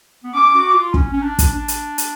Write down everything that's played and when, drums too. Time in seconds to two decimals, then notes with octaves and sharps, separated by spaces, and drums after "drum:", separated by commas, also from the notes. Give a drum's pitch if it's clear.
0.24 B3
0.34 C#4 D6
0.55 F#4
0.74 F4
0.94 C#4, drum: kick
1.13 C#4
1.23 D4
1.39 drum: kick, hi-hat
1.53 D4
1.68 drum: hi-hat
1.98 drum: hi-hat